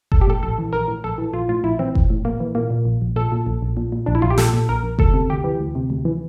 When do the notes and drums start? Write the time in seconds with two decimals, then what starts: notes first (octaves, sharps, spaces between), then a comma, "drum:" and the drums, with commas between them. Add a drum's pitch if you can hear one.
0.12 A#1 A4, drum: kick F#1
0.21 G4
0.27 A2 A4
0.43 A#1 A4
0.58 E3
0.73 A#1 A#4
0.88 A2
1.04 A#1 A4
1.18 E3
1.33 A#1 F4
1.49 A2 F4
1.64 A#1 E4
1.79 E3 C4
1.95 A#1, drum: kick F#1
2.10 A2
2.25 A#1 A#3
2.40 E3
2.55 A#2 A#3
2.70 A#2
2.85 A#1
3.02 A#1
3.16 A#2 A4
3.32 A#2
3.47 A#1
3.62 A#1
3.77 A#2
3.92 A#2
4.06 A#1 D4
4.15 E4
4.22 A#1 F4
4.30 G4
4.38 A#2 A4, drum: snare
4.53 A#2
4.69 A#1 A#4
4.83 A#1
4.99 D2 A4, drum: kick F#1
5.14 C3
5.30 D2 G4
5.44 E3
5.60 D2
5.75 C3
5.90 D2
6.05 E3